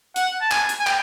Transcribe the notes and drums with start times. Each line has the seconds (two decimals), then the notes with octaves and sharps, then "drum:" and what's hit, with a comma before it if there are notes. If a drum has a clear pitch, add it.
0.16 F#5, drum: hi-hat
0.41 A5
0.52 G#5, drum: clap
0.69 drum: hi-hat
0.80 G#5
0.87 G5, drum: clap